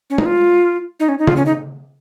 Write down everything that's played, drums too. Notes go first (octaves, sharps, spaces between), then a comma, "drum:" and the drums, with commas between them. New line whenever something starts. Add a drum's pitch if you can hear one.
C#4
D#4, drum: tom G#3
F4
D#4
C#4
D#4
F4, drum: tom C#3
C#4
D#4